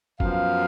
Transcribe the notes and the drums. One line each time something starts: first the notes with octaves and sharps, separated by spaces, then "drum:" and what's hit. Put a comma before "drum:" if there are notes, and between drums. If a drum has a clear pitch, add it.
F#2 F3 B3 F5, drum: kick